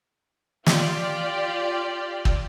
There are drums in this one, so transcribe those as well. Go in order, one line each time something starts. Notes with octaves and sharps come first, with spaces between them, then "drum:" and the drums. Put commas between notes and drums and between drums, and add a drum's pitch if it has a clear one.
F4 G4 D5, drum: snare
drum: kick